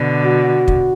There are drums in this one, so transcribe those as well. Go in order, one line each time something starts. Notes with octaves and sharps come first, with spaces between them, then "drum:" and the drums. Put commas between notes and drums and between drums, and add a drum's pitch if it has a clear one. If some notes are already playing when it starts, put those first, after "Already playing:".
Already playing: B2 D3
F#4
drum: kick